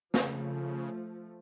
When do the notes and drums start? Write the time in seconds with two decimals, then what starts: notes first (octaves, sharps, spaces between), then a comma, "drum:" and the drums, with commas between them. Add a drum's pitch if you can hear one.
0.14 C#3 F3 A3, drum: snare